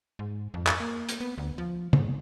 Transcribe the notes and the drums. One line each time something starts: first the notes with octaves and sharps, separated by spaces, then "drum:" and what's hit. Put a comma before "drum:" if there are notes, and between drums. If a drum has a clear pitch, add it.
G#2
F2
drum: clap
A#3
drum: hi-hat
B3
D2
F3
G#2, drum: tom